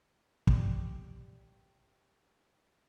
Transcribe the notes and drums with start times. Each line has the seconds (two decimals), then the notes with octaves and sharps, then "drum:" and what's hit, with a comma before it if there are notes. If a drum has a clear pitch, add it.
0.47 G4 D5, drum: kick